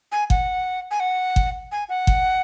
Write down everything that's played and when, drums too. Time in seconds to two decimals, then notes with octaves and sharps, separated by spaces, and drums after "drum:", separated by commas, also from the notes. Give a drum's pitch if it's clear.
0.12 G#5
0.30 F#5, drum: kick G1
0.91 G#5
1.00 F#5
1.36 drum: kick G1
1.72 G#5
1.89 F#5
2.07 drum: kick G1